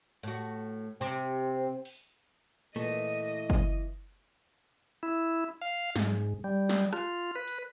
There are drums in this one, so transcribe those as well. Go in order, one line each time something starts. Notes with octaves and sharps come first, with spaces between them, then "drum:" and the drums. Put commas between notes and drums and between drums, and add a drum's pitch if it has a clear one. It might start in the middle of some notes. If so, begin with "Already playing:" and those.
A2 F#4
C3 C4
drum: open hi-hat
A#2 E3 A3 D#5
drum: kick F#1
E4
F5
G#2, drum: snare
G3
drum: snare
F4, drum: rim click
B4
drum: hi-hat